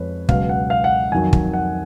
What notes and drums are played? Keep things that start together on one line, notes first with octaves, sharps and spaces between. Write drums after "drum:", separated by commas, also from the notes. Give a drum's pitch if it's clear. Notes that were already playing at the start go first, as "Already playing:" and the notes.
Already playing: F2 F3 G#3 B4 C#5
C#2 B2 F#3 F5, drum: kick
F#5
F5
F#5
F2 D#3 F#3 G#5
drum: kick
F#5